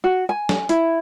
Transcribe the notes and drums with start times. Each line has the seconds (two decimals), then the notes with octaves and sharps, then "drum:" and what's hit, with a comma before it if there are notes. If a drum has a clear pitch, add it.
0.04 F#4
0.29 G#5
0.49 drum: snare
0.69 E4, drum: hi-hat